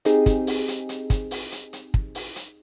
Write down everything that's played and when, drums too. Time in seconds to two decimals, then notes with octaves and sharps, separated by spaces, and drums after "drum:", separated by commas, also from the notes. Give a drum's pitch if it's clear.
0.05 C4 D#4 G4 G#4, drum: hi-hat
0.26 drum: kick, hi-hat
0.47 drum: open hi-hat
0.68 drum: hi-hat
0.89 drum: hi-hat
1.10 drum: kick, hi-hat
1.31 drum: open hi-hat
1.52 drum: hi-hat
1.73 drum: hi-hat
1.94 drum: kick
2.15 drum: open hi-hat
2.36 drum: hi-hat